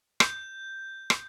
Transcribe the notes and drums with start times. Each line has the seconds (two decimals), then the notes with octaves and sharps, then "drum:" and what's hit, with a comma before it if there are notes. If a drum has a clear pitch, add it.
0.20 G6, drum: rim click
1.10 drum: rim click